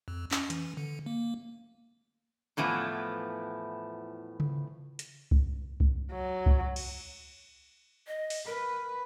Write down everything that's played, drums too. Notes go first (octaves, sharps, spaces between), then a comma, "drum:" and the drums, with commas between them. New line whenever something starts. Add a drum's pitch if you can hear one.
F2
C#4, drum: clap
E3, drum: hi-hat
D3
A#3
E2 A2 E3 F3 B3
drum: tom C#3
drum: hi-hat
drum: kick C2
drum: kick C2
F#3
drum: kick C2
drum: cymbal
D#5
drum: open hi-hat
A#4 B4